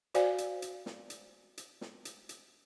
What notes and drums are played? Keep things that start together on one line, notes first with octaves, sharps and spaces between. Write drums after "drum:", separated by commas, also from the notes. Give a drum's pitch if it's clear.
F#4 C5 D5 F5 G#5, drum: hi-hat
drum: hi-hat
drum: hi-hat
drum: snare
drum: hi-hat
drum: hi-hat
drum: snare
drum: hi-hat
drum: hi-hat